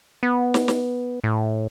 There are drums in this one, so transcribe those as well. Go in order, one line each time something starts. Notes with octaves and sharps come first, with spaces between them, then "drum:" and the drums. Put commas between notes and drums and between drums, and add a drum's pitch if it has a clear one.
B3
drum: snare
drum: snare
A2